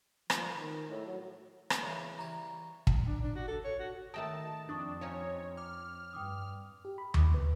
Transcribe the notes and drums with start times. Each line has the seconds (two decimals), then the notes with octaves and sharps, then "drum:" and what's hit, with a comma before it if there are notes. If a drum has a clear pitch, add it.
0.30 F3, drum: rim click
0.55 D#3
0.89 A2
1.06 F#3
1.70 drum: rim click
1.82 C#3 E3
2.18 E3 G3 C#5 A#5
2.87 drum: kick
3.07 D4
3.23 D4
3.35 F#4
3.48 A4
3.64 C#5
3.79 F#4
4.14 D#3 A3 G5 A5 D#6 A#6 E7
4.69 F2 D4 C#6 D#6 A6
5.01 F3 C#4 D#4 C#5
5.57 D6 F6
6.13 G2 G5 D6 D#6
6.85 G4
6.98 B5
7.14 D6, drum: tom D#2
7.34 B4